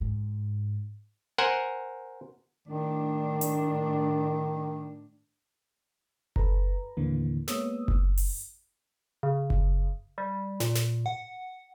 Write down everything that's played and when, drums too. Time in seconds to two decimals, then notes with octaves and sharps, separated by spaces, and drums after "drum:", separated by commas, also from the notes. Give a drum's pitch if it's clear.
0.01 G#2
1.38 A#4 C5 F#5 G#5
2.68 A2 D#3 D4
3.41 drum: hi-hat
6.36 A4 B4 A#5, drum: kick F#1
6.97 D#2 A2 D3 E3 A#3
7.48 G#3 A#3 B3 C#5 D#6 E6, drum: snare
7.88 drum: kick F#1
8.17 drum: open hi-hat
9.23 C#3
9.50 drum: kick F#1
10.18 G3
10.60 A#2, drum: snare
10.75 drum: snare
11.06 F#5